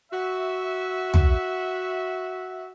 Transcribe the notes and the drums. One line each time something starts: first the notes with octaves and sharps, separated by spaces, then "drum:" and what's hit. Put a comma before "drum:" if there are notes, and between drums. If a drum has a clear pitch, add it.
F#4 E5
drum: tom